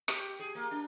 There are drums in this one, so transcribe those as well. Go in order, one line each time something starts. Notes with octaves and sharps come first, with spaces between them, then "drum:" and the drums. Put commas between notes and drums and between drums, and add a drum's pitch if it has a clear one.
G4, drum: rim click
G#4
A#3
D4